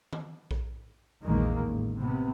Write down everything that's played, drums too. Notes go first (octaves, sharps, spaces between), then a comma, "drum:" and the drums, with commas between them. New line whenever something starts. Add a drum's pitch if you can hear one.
drum: tom D#3
drum: kick A#1
A#1 E2 D#3 G#3 A#3
A1
C3 B3